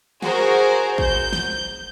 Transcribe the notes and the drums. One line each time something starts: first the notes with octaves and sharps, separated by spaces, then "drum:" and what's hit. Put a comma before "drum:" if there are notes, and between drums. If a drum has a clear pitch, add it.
F#4 G#4 A#4 C5, drum: snare
G6, drum: kick
drum: snare